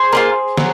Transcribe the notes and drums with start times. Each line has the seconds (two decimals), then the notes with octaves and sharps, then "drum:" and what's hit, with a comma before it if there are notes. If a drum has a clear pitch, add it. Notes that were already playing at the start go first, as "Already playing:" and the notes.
Already playing: G#4 C5
0.12 A#3 C#4 F4
0.57 F#3, drum: snare